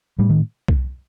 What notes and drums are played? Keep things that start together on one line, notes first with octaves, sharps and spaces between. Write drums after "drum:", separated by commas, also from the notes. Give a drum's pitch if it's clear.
A2 G3
D#3
drum: kick C2